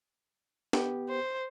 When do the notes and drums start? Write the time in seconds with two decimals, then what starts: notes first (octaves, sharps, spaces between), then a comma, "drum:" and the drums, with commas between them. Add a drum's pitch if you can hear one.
0.73 B3 G4, drum: snare
1.09 C5